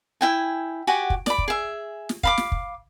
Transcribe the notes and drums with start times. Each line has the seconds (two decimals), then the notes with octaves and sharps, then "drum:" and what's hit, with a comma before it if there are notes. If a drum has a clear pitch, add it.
0.21 E4 G5 G#5
0.87 F#4 G4 F#5 G#5
1.10 drum: kick
1.26 D5 B5, drum: snare
1.38 drum: kick
1.48 G#4 E5
2.09 drum: snare
2.23 F5 B5 D6, drum: kick
2.38 drum: snare
2.52 drum: kick